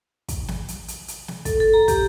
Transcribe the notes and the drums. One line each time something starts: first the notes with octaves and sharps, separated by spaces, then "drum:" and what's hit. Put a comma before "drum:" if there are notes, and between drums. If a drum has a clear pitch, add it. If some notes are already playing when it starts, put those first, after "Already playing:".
drum: kick, hi-hat
drum: snare
drum: hi-hat
drum: hi-hat
drum: hi-hat
drum: snare
A4, drum: kick, hi-hat
A4
A#5
G4, drum: kick, hi-hat